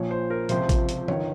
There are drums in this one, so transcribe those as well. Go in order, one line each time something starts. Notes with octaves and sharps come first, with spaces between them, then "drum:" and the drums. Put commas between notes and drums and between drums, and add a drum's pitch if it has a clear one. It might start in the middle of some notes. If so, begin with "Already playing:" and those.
Already playing: A#1 A#2 F3 C#5
C5
A#4
C#2 C3 F3 C5, drum: hi-hat
drum: kick A1, hi-hat
drum: hi-hat
G1 D#3 C#5, drum: tom E3